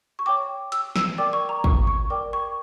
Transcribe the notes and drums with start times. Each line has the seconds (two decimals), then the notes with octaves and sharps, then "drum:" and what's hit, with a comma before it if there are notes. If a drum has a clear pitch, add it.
0.19 C#6
0.26 C#5 G5 D6
0.72 E6, drum: hi-hat
0.96 E6, drum: snare
1.18 A#4 D5 G5 D6
1.33 C#6
1.49 A#5
1.64 C#6, drum: kick
1.87 C#6
2.10 A#4 D5 G5 D6
2.33 C#6